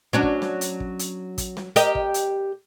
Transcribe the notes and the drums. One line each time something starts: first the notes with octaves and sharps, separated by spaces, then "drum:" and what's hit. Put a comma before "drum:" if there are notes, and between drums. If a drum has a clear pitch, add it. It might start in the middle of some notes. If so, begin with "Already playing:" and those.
F#3 C#4 D4
drum: kick
drum: snare
drum: hi-hat
drum: kick
drum: hi-hat
drum: kick, hi-hat
drum: snare
G4 A#4 D#5, drum: hi-hat
drum: kick
drum: hi-hat